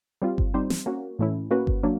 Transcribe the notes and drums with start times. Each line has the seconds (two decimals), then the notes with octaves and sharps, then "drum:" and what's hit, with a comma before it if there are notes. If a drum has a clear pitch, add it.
0.22 G3 C4 F4
0.38 drum: kick G1
0.54 G3 C4 D#4 G4 C5
0.70 drum: snare
0.86 A#3 C#4 F#4
1.19 A2 E3 A3 C#4 E4
1.51 A#3 C#4 F#4 B4
1.67 drum: kick G1
1.83 F#3 A#3 D4